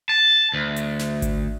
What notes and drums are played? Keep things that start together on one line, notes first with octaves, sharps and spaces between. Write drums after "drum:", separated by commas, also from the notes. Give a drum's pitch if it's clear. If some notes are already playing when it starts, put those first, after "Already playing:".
A5
D2
drum: hi-hat
drum: snare
drum: kick G#1, hi-hat